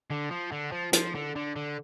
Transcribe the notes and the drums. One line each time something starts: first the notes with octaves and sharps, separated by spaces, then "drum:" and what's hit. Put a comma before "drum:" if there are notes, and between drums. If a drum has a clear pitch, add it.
D3
F3
D3
F3
F3, drum: hi-hat
D3
D3
D3